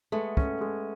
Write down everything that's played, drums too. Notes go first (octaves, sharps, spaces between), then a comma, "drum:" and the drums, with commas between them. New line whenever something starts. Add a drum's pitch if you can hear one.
G#3 A3 B3
C#4, drum: kick
G#3